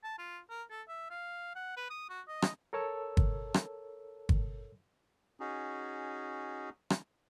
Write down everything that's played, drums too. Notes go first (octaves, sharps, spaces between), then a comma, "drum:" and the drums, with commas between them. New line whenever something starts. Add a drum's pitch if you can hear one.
A5
F4
A#4
A4
E5
F5
F#5
B4
D#6
F#4
D#5
drum: rim click
A4 A#4 C#5 A5 E6
drum: kick
drum: rim click
drum: kick
C#4 D#4 F#4 G#4
drum: rim click